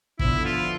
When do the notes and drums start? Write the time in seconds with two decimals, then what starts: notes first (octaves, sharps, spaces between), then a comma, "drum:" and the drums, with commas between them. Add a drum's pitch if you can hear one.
0.19 D3 F3 B3 E4, drum: kick
0.45 F4